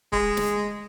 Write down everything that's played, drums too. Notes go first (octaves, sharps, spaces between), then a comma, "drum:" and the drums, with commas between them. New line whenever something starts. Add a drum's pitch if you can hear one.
G#3, drum: kick C#1
drum: snare